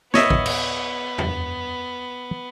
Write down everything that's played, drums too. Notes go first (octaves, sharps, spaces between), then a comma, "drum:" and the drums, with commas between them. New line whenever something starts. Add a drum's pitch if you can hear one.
B3 C#5 D#5 E5, drum: snare
drum: kick
drum: cymbal
drum: tom E2